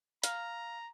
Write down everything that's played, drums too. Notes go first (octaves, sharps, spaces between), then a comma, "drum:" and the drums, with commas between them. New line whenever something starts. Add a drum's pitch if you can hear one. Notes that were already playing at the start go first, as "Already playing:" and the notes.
F5 A#5, drum: hi-hat